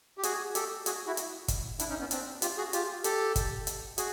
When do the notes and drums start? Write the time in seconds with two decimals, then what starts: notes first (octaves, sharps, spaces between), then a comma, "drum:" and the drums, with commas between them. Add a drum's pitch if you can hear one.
0.18 G4
0.23 F#4 G#4, drum: hi-hat
0.55 G4 A4, drum: hi-hat
0.86 F#4 G#4, drum: hi-hat
1.07 E4 F#4
1.17 drum: hi-hat
1.48 drum: kick, hi-hat
1.80 D4 E4, drum: hi-hat
1.90 C#4 D#4
2.00 B3 C#4
2.11 C4 D4, drum: hi-hat
2.42 F4 G4, drum: hi-hat
2.58 F#4 G#4
2.73 F4 G4, drum: hi-hat
3.04 G4 A4, drum: hi-hat
3.36 drum: kick, hi-hat
3.67 drum: hi-hat
3.98 F#4 G#4, drum: hi-hat